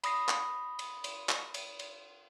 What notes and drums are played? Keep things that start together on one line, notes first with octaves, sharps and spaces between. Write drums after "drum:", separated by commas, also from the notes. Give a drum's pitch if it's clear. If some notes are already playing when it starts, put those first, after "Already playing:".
B5 D#6 A#6 C7, drum: cymbal
drum: clap
drum: cymbal
drum: cymbal
drum: clap
drum: cymbal
drum: cymbal